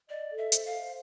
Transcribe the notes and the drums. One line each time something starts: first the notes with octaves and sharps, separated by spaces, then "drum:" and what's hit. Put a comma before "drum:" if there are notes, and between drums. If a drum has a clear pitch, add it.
D5 D#5
A4
E5
C5, drum: hi-hat
F5
C5